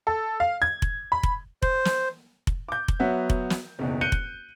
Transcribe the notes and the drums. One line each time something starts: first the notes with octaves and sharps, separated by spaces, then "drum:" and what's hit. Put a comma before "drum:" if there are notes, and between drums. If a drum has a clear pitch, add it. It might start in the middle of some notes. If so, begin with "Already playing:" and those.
A4
F5
G#6
drum: kick F1
B5
drum: kick F1
C5, drum: kick F1
drum: snare
drum: kick F1
D6 G6
drum: kick F1
F#3 B3 F#4 E5
drum: kick F1
drum: snare
F#1 B1 E2
F#6 G6 C#7 D#7 G7
drum: kick F1